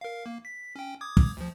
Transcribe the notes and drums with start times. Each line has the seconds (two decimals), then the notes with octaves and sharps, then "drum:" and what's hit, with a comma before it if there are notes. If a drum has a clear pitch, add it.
0.01 A#4 F5
0.26 A#3
0.45 B6
0.76 C#4 G5
1.01 D6 D#6 G#6
1.17 drum: kick
1.37 D2 F3